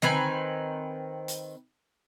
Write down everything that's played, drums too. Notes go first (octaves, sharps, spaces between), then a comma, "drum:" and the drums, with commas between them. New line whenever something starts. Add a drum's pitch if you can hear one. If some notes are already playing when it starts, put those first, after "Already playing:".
D#3 C4 B4 G#5, drum: tom D3
drum: hi-hat